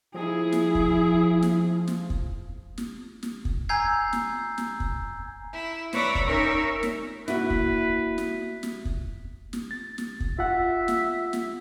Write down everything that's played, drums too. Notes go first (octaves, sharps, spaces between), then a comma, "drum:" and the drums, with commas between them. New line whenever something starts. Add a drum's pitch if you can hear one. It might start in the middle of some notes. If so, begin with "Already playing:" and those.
F3 E4 G#4
drum: snare
drum: kick
drum: snare
drum: snare
drum: kick
drum: snare
drum: snare
drum: kick
G#5 A#5 E6 G6 G#6 C7
drum: snare
drum: snare
drum: kick
E4
B4 C#5 D5 E5 A#5 B5, drum: snare
drum: kick
C#4 D#4 A#4 E5
drum: snare
A#3 D4 E4 F#4 B4, drum: snare
drum: kick
drum: snare
drum: snare
drum: kick
drum: snare
A6
drum: snare
drum: kick
F4 E5 F#5
drum: snare
drum: snare